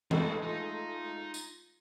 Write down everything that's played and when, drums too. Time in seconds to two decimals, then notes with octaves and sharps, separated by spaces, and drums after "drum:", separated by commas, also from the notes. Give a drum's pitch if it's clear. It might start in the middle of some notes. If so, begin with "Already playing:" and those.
0.11 G#3 A3 F4 F#5, drum: tom E3
0.43 D#4 F4
1.34 drum: tambourine